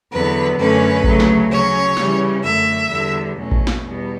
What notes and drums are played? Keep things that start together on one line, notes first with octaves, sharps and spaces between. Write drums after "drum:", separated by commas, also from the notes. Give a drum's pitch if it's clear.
E2 D3 F#3 B3 B4
F#2 D3 A3 C#4 B4
D2 C#3 F#3 A3, drum: kick A1
drum: snare
C#3 F#3 C#4 C#5
C#3 E3 G3 C#4, drum: snare
F#2 D3 F#3 A3 E5
E2 D3 G3 B3
E2 B2 F#3 A3 C#4
drum: kick A1
drum: snare
E2 B2 G3 B3